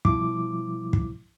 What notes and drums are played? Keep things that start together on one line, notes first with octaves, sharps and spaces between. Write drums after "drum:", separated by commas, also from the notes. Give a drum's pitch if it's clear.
B2 F3 G3 E4 D6, drum: kick
drum: kick